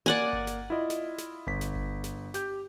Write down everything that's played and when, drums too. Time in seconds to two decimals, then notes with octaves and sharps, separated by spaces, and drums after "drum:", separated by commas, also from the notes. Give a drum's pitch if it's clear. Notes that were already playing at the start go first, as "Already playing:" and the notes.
0.06 A#3 D5 F#5 G#5
0.33 drum: kick G1
0.47 drum: snare
0.70 E4 F4 D#5
0.90 drum: snare
1.18 drum: snare
1.47 G1 B6, drum: kick G1
1.61 drum: snare
1.75 drum: kick G1
2.04 drum: snare
2.34 G4 G6, drum: snare